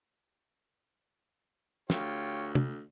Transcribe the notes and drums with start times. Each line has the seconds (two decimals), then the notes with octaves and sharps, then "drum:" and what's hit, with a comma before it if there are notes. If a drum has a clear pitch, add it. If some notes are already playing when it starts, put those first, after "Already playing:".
1.90 D2 F4 G4 C#5, drum: snare
2.55 drum: tom